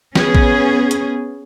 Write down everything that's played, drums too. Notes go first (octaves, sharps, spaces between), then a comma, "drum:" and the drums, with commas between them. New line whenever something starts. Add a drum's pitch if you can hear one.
B3 C#4 G#4, drum: snare
drum: kick
drum: hi-hat